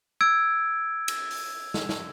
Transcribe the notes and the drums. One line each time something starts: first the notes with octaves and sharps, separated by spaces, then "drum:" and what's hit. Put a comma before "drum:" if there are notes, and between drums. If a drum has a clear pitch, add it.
E6 G#6 D7
drum: cymbal
drum: open hi-hat
drum: snare
drum: snare